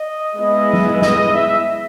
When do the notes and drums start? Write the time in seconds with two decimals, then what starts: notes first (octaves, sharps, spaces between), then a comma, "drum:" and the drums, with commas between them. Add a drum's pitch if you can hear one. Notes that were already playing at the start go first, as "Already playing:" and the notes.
Already playing: D#5
0.38 G#3 B3 E4 D#5
0.73 drum: tom F#3
1.02 D#5, drum: snare
1.34 E5